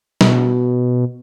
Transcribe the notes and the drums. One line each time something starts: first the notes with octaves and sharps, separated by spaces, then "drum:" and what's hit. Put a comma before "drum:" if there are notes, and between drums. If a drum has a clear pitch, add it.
B2, drum: snare